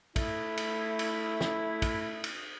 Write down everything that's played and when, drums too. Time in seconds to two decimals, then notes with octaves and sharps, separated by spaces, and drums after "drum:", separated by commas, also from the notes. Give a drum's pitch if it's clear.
0.16 A3 E4, drum: kick, cymbal
0.57 drum: cymbal
0.99 drum: cymbal
1.41 drum: snare
1.82 drum: kick, cymbal
2.24 drum: cymbal